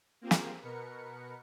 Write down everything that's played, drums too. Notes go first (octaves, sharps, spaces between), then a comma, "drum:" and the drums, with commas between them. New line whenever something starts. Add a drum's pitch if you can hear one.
A#3 C4 F4 G4 G#4 A#4
drum: snare
B2 A#4 B4 C#7